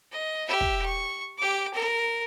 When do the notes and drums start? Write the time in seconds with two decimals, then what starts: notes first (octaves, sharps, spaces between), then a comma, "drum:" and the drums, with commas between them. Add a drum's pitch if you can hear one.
0.12 D#5
0.48 G4 E5
0.61 drum: kick
0.85 C#6
1.38 G4 D6
1.74 A#4